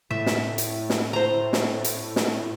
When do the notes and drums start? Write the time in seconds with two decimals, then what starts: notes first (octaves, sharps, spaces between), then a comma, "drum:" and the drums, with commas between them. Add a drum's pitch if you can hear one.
0.11 A2 E5
0.26 drum: snare
0.58 drum: hi-hat
0.90 drum: snare
1.13 C5 A#5
1.53 drum: snare
1.84 drum: hi-hat
2.16 drum: snare